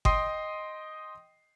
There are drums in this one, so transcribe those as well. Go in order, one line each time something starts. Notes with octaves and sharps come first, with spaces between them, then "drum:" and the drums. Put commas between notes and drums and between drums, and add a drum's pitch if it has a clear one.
D#5 G5 C6 D#6 C7, drum: kick G1